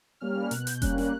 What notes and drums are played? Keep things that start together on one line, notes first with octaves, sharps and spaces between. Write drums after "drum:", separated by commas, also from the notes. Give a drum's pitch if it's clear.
G3 A#3 C#4 F6
B2 F#6, drum: hi-hat
G6, drum: hi-hat
G6
G3 A#3 C#4 F#6, drum: kick F1, hi-hat
F#6, drum: snare